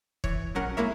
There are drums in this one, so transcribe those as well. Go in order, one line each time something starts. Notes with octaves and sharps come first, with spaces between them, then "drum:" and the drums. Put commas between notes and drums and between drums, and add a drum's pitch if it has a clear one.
E3 C#5, drum: kick
A#1 F#3 C#4 A#4 F#5
G#3 A#3 E4 A#4 C#5 E5